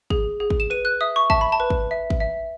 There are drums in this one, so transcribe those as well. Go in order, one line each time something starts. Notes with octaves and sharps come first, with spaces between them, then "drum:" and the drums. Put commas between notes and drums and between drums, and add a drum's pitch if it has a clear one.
G#4, drum: kick
G#4
drum: kick
E7
B4 D#7
F#6
E5 D#6
C#6
E5 A5, drum: kick
B5
A5
B4
drum: kick
E5
drum: kick
E5